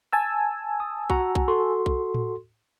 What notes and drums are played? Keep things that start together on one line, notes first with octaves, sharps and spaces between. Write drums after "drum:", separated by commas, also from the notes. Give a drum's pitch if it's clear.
G#5 A5 E6
D#6
F#4 F#5 A#5, drum: kick B1
drum: kick B1
F#4 A4 C6
drum: kick B1
drum: tom A2